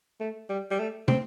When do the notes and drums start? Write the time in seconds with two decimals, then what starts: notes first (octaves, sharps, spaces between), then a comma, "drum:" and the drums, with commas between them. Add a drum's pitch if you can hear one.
0.20 A3
0.50 G3
0.71 G3
0.79 A3
1.08 C4, drum: tom